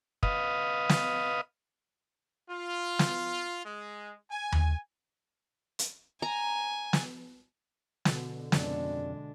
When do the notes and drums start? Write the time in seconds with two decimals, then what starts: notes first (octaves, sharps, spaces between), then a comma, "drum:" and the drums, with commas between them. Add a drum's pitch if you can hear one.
0.23 B4 D#5 F5 D#6, drum: kick
0.89 drum: snare
2.50 F4
2.99 drum: snare
3.65 G#3
4.30 G#5
4.52 drum: tom D#2
5.79 drum: hi-hat
6.22 G#5 A#5
6.93 drum: snare
8.05 B2 D3, drum: snare
8.52 F2 C#3 G3 G#3 D4 A4, drum: snare